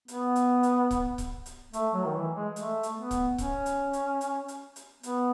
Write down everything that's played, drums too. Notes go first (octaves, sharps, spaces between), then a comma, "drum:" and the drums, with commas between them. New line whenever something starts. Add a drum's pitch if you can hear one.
B3, drum: hi-hat
drum: hi-hat
drum: hi-hat
drum: kick C#1, hi-hat
drum: kick C#1, hi-hat
drum: hi-hat
A3, drum: hi-hat
F#3
D#3
E3
G#3
A3, drum: hi-hat
drum: hi-hat
B3
drum: kick C#1, hi-hat
C#4, drum: kick C#1, hi-hat
drum: hi-hat
drum: hi-hat
drum: hi-hat
drum: hi-hat
drum: hi-hat
B3, drum: hi-hat